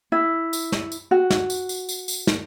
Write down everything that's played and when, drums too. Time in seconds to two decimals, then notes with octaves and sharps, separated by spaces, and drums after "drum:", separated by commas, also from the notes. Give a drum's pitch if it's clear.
0.12 E4
0.53 drum: tambourine
0.72 drum: snare
0.92 drum: tambourine
1.11 F#4
1.30 drum: snare
1.50 drum: tambourine
1.69 drum: tambourine
1.89 drum: tambourine
2.08 drum: tambourine
2.27 drum: snare